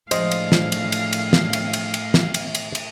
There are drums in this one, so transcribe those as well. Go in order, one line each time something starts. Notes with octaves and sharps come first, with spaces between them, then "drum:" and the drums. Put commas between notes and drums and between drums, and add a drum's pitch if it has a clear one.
A2 F3 G#3 D4 C5 D#5 F5, drum: cymbal
drum: cymbal
drum: snare
drum: cymbal
drum: cymbal
drum: cymbal
drum: snare
drum: cymbal
drum: cymbal
drum: cymbal
drum: snare
drum: cymbal
drum: cymbal
drum: cymbal